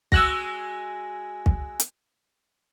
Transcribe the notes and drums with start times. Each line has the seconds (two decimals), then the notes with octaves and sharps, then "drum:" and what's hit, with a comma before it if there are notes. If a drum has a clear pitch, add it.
0.12 G#3 F#4 G#4 E6 F#6 A#6, drum: kick
1.46 drum: kick
1.80 drum: hi-hat